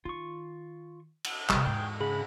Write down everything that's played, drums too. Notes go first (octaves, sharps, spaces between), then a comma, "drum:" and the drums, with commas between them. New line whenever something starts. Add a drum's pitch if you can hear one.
D#3 F4 C#6
drum: cymbal
A1 C3 F#3 G3, drum: clap
E2 G#2 G#4 G5
C#3 G#4 B5